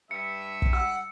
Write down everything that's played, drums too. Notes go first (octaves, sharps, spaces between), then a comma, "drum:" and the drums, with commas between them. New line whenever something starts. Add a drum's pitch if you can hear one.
G2 E5 C#7
drum: kick
F#5 E6